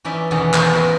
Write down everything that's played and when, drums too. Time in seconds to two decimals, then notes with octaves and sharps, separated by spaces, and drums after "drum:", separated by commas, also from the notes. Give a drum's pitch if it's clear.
0.05 E3 C#4 D#4 E4 D5 E5
0.31 E2 B2 D#3 C#4 F#5 A5
0.54 B3 C5 F#5, drum: clap
0.73 E4 F#4 A#4 B4 D#5 F5